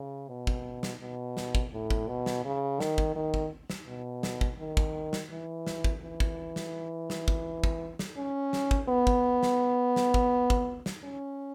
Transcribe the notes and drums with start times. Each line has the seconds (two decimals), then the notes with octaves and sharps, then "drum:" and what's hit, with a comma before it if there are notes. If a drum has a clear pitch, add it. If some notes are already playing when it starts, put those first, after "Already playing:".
Already playing: C#3
0.29 B2
0.47 drum: kick
0.83 drum: snare
1.00 B2
1.37 drum: snare
1.55 drum: kick
1.73 A2
1.90 drum: kick
2.08 B2
2.26 drum: snare
2.45 C#3
2.80 D#3, drum: snare
2.98 drum: kick
3.16 D#3
3.34 drum: kick
3.70 drum: snare
3.88 B2
4.23 drum: snare
4.41 drum: kick
4.59 D#3
4.77 drum: kick
5.13 drum: snare
5.31 E3
5.67 drum: snare
5.84 drum: kick
6.02 E3
6.20 drum: kick
6.56 drum: snare
7.10 drum: snare
7.28 drum: kick
7.64 drum: kick
7.99 drum: snare
8.17 C#4
8.53 drum: snare
8.71 drum: kick
8.89 B3
9.07 drum: kick
9.43 drum: snare
9.96 drum: snare
10.14 drum: kick
10.50 drum: kick
10.86 drum: snare
11.04 C#4